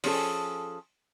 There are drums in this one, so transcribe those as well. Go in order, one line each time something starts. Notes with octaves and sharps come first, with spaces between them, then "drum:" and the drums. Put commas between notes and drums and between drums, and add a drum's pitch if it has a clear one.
F3 C#4 G#4 A4, drum: open hi-hat